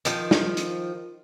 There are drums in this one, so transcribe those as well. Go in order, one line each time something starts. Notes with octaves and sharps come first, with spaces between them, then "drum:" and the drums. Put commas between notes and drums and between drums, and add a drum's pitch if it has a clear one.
D#3 F3, drum: hi-hat
drum: snare
drum: hi-hat